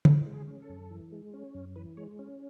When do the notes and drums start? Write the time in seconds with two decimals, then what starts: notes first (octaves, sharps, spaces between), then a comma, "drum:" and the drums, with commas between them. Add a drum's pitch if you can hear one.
0.05 E3 A4, drum: tom D3
0.26 G#3
0.34 G#4
0.48 C#4
0.62 A4
0.69 F#2
0.90 E3
1.12 G#3
1.34 C#4
1.55 F#2
1.76 E3 B4
1.97 G#3 C#5
2.19 C#4